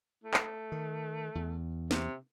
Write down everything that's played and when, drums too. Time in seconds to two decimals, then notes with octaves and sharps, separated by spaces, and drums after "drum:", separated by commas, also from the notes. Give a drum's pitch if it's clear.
0.24 A3
0.34 drum: clap
0.72 D#3
1.35 E2
1.91 C3, drum: snare